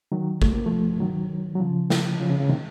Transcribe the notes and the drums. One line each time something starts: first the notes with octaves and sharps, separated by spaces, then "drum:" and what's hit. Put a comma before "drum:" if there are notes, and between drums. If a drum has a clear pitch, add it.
D#3 F#3
A3, drum: kick
A#3
F3 A3
D#3 F#3
F#3
C#3 F3
drum: snare
C#3 F3
C#3
C#3
C3 D#3